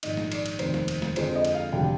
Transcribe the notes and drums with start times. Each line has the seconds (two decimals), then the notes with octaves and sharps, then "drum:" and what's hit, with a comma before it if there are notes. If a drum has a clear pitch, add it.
0.03 A#1 G#2 D#3 D#5, drum: cymbal
0.17 drum: snare
0.32 D5, drum: cymbal
0.46 drum: cymbal
0.59 F1 D#2 D#3 C5, drum: cymbal
0.74 drum: snare
0.88 drum: cymbal
1.02 drum: snare
1.16 F2 D3 F3 G#3 C5, drum: cymbal
1.35 D#5
1.45 drum: cymbal
1.54 F5
1.72 F1 D3 G3 G5